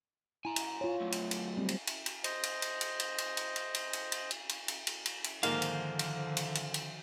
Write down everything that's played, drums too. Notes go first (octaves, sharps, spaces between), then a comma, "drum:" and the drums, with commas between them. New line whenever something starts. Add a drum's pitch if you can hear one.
E4 G#5 A#5
drum: cymbal
F4 C#5
F#3 A3
drum: cymbal
drum: cymbal
G3 C4
drum: cymbal
drum: cymbal
drum: cymbal
C5 D#5, drum: cymbal
drum: cymbal
drum: cymbal
drum: cymbal
drum: cymbal
drum: cymbal
drum: cymbal
drum: cymbal
drum: cymbal
drum: cymbal
drum: cymbal
drum: cymbal
drum: cymbal
drum: cymbal
drum: cymbal
drum: cymbal
drum: cymbal
G#2 D3 D#3 F3 A#3 C5 F5, drum: cymbal
drum: cymbal
drum: cymbal
drum: cymbal
drum: cymbal
drum: cymbal